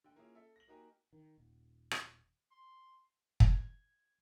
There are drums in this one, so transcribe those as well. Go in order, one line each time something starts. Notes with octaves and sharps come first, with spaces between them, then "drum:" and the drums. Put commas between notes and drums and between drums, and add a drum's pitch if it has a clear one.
D3 G5
A#3 C#4 E4 F4 G#4
A4 E5
A#6 F#7
A#3 D#4 F#4 G4 A#4 G#5
D#3
D#1
drum: rim click
C6
G#6, drum: kick